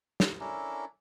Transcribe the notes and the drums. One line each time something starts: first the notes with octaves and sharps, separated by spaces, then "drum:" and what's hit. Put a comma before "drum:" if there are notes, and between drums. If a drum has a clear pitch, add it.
drum: snare
C#4 D4 E4 A4 A#4